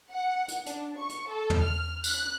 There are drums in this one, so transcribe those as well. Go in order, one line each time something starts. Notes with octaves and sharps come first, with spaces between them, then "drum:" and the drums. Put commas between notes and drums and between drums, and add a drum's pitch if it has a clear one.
F#5
drum: hi-hat
D4, drum: hi-hat
C#6
drum: hi-hat
A4
drum: tom
F6
F#6, drum: tambourine